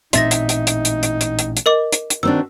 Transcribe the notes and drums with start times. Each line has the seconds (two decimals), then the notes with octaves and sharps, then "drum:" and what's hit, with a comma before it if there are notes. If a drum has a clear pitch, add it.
0.13 A1 A#2 C4 D#4 E5 C6 A6 A#6, drum: hi-hat
0.31 drum: hi-hat
0.49 drum: hi-hat
0.67 drum: hi-hat
0.85 drum: hi-hat
1.03 drum: hi-hat
1.21 drum: hi-hat
1.39 drum: hi-hat
1.57 drum: hi-hat
1.66 A#4 D#5 D6
1.92 drum: hi-hat
2.10 drum: hi-hat
2.23 D#3 C4 D4 F#4 E6